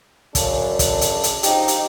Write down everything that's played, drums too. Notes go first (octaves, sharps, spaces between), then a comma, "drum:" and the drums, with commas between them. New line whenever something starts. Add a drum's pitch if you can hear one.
F#2 C#3 D4 A4, drum: kick, hi-hat
drum: kick, hi-hat
drum: hi-hat
drum: hi-hat
F3 D#4 G4, drum: hi-hat
drum: hi-hat